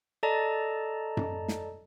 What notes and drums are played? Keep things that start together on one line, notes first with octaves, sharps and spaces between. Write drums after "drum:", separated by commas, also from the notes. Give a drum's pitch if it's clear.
A4 D5 D#5 A5 A#5
drum: tom F#2
drum: snare